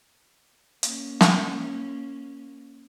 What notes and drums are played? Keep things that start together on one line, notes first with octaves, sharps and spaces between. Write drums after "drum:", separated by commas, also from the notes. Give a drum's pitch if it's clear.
A#3 C#4, drum: hi-hat
drum: snare